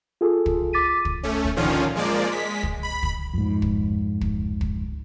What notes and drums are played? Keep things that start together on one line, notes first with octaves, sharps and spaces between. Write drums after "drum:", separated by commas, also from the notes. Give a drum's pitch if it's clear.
F4 G#4 A4
drum: kick
D6 A6 B6 D#7
drum: kick
A3 C#4
drum: kick
A#2 D3 D#3 F3 C#4 F4
F3 G#3 A#3 D5
G#3 B6
drum: kick
B5
drum: kick
F2 G#2
drum: kick
drum: kick
drum: kick